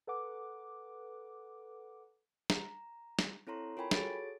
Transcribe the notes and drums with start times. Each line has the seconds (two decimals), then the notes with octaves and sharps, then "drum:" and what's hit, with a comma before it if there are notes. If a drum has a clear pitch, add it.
0.07 A4 B4 F#5 D6
2.50 A#5, drum: snare
3.19 drum: snare
3.47 C4 E4 A4 C#5 A#5 C6
3.77 F4 A#4 C#5 G5 G#5 B5
3.91 F#4 G#4 A4 C#5 A6 D7, drum: snare